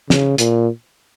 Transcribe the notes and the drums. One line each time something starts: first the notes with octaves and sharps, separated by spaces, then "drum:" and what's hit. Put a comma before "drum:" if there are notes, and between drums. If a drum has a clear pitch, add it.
C#3, drum: snare
A#2, drum: hi-hat